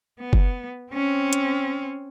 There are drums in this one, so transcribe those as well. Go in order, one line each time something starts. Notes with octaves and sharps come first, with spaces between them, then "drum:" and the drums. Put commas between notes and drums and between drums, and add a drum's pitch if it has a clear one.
B3
drum: kick F#1
C4 C#4
drum: hi-hat